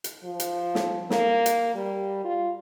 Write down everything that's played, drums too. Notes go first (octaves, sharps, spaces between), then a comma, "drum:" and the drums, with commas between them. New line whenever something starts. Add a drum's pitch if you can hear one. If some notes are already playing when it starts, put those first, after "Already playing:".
drum: hi-hat
F3
drum: hi-hat
drum: snare
A#3, drum: snare
drum: hi-hat
G3
F4